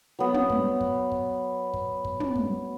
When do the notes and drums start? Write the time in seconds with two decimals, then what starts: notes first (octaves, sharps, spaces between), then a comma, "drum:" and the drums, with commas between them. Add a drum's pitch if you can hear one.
0.19 F#3 B3
0.34 drum: tom
0.50 drum: kick
0.81 drum: kick
1.12 drum: kick
1.74 drum: kick
2.05 drum: kick
2.20 drum: tom
2.36 drum: kick